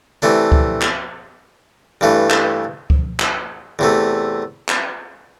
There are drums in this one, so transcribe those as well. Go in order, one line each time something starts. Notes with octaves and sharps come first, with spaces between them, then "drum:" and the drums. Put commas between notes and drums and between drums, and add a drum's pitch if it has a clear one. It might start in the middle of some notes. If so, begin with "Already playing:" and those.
C3 E3 A3 D4
drum: kick C#2
drum: clap
G2 E3 A3
drum: clap
drum: kick C#2
drum: clap
E2 C3 A3
drum: clap